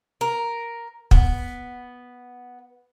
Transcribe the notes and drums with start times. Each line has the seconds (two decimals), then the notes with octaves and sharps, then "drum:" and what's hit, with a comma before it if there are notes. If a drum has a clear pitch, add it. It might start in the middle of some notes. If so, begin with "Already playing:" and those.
0.21 A#4
1.11 B3, drum: kick